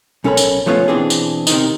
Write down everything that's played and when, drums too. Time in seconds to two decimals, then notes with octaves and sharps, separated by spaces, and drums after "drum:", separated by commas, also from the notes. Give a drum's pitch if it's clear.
0.24 B1 C#4 A4 A#4 C#5 B5
0.37 drum: tambourine
0.66 F3 A3 B3 C#4 F4
0.88 B2 E3 C4 D4 G#4
1.10 drum: tambourine
1.47 C3 D#3 D#4, drum: tambourine